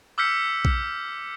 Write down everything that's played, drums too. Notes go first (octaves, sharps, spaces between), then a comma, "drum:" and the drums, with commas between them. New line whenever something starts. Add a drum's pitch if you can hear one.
D6 E6 F6 G6 B6 C#7
drum: kick A#1